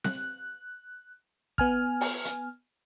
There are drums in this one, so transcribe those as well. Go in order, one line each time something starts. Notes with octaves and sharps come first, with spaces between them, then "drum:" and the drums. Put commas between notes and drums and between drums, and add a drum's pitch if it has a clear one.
F#6, drum: snare C4
B3 G#5 F6, drum: kick
drum: open hi-hat
drum: hi-hat